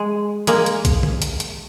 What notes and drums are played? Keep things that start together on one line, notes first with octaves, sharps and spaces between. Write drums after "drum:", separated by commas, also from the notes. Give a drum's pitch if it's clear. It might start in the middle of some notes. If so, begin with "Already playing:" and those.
Already playing: G#3
G#3 A#3, drum: hi-hat
drum: hi-hat
drum: kick B1, hi-hat
drum: tom
drum: hi-hat
drum: hi-hat